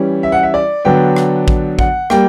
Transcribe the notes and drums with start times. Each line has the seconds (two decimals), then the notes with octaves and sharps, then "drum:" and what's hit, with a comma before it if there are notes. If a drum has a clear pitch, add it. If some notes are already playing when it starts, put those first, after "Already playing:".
Already playing: E3 G3 C#4
0.23 E5
0.32 F#5
0.43 E5
0.54 D5
0.85 D3 F#3 B3 D4 G5
1.16 drum: rim click
1.48 drum: kick A1
1.79 F#5, drum: kick A1
2.10 G3 A#3 G5, drum: rim click